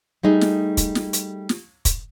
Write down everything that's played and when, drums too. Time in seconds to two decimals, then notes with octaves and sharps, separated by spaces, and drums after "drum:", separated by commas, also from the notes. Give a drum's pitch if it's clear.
0.23 G3 A3 D#4 G#4
0.41 drum: snare
0.77 drum: kick, hi-hat
0.95 drum: snare
1.13 drum: hi-hat
1.49 drum: snare
1.85 drum: kick, hi-hat